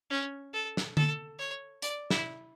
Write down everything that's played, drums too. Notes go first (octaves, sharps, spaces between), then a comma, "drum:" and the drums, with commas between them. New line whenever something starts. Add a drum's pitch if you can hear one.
C#4
A4
drum: snare
A4, drum: tom D3
C#5
D5, drum: hi-hat
E4, drum: snare